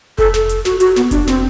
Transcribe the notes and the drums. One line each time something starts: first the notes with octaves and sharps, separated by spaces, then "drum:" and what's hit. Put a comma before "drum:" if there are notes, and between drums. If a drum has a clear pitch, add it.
A4, drum: kick F1
drum: snare
drum: hi-hat
F#4, drum: snare
F#4, drum: hi-hat
B3, drum: snare
D4, drum: kick F1, hi-hat
C4, drum: snare